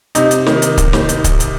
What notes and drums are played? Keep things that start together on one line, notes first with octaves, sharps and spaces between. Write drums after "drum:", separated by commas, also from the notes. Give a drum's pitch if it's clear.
C3 D#4, drum: hi-hat
drum: hi-hat
D#3, drum: snare
drum: hi-hat
drum: kick, hi-hat
drum: snare
drum: hi-hat
drum: kick, hi-hat
drum: hi-hat